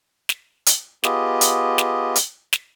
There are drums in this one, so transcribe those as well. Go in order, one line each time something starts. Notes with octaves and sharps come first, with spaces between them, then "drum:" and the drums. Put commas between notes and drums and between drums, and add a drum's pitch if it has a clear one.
drum: snare
drum: hi-hat
B3 F4 G4 G#4 D#5, drum: snare
drum: hi-hat
drum: snare
drum: hi-hat
drum: snare